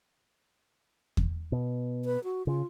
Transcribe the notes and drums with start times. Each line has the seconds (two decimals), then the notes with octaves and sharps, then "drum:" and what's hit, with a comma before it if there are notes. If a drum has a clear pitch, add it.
1.17 drum: kick E2
1.52 B2
2.05 B4
2.24 F#4
2.47 C#3 F4